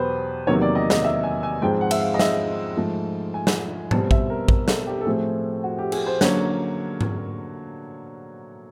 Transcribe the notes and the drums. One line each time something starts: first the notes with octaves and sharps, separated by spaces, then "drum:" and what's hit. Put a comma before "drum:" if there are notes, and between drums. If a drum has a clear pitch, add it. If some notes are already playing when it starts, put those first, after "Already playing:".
Already playing: E2 B2 F#3 B3 G4 B4 C5
E2 C3 D#3 F#3 A#3 C#5
D5
D#5
D#5, drum: snare
E5
G#5
G#5
G#2 F3 G#3 C4 G5
F#5
E5, drum: cymbal
F5
D#5
E5, drum: snare
G#2 F3 A3
G#5
drum: snare
B2 G3 C4 A5, drum: tom G#2
E5, drum: kick A1
A#4
A#4, drum: kick A1
A4, drum: snare
G4
A4
A2 F3 A3 C4 G#4
F#4
G4
G#4, drum: cymbal
C5
D3 F#3 A#3 C#4 C#5, drum: snare
drum: tom G#2